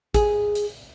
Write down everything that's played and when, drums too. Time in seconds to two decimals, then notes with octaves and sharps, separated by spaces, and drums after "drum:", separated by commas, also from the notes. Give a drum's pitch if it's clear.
0.14 G#4, drum: kick, hi-hat
0.55 drum: hi-hat